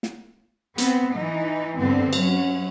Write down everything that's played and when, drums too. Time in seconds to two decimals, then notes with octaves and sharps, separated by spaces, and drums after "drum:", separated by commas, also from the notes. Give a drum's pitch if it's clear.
0.03 drum: snare
0.78 B3 C4, drum: hi-hat
1.15 E3 D#4
1.78 G2 D3 B3 C4
2.13 F#3 C#4, drum: cymbal